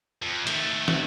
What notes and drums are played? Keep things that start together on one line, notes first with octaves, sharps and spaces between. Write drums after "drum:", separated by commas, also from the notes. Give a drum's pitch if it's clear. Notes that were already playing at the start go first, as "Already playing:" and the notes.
F2
D#3 A3, drum: hi-hat
drum: snare